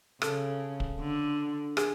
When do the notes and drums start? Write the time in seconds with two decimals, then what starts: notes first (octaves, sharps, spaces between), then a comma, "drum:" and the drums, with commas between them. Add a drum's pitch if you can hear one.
0.22 C#3 A4, drum: rim click
0.80 drum: kick
0.99 D3
1.77 G#4, drum: rim click